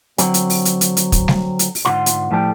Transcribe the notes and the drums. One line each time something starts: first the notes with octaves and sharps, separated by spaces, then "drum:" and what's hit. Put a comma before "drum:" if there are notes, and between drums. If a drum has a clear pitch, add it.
D3 F#3 C4, drum: hi-hat
drum: hi-hat
drum: open hi-hat
drum: hi-hat
drum: hi-hat
drum: hi-hat
drum: kick, hi-hat
drum: snare G3
drum: hi-hat
drum: open hi-hat
G#2 D3 F3 F4 F#5 C6
drum: hi-hat
A2 F3 G3 A4 G5